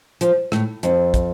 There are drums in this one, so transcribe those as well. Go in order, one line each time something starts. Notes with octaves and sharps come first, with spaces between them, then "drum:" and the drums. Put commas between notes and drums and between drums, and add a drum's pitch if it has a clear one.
F3, drum: hi-hat
A2, drum: rim click
F2, drum: hi-hat
drum: kick, hi-hat